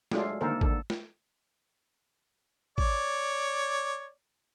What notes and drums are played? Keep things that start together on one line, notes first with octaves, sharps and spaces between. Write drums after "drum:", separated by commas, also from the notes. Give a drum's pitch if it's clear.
F#3 G#3 A3 D4 F4 G#4, drum: snare
D3 D#3 A#3 A4 A#4 C5
D3 A4, drum: kick
drum: snare
C#5 D5, drum: kick